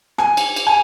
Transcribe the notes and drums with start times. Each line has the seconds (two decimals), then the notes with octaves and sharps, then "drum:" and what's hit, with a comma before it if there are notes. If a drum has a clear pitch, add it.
0.18 G#5, drum: rim click
0.37 drum: cymbal
0.56 drum: cymbal
0.67 G#5